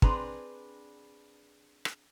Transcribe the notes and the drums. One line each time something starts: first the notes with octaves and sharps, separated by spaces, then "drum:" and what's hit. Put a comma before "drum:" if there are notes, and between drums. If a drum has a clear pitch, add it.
C4 D4 G#4 B4 A#5, drum: kick
drum: rim click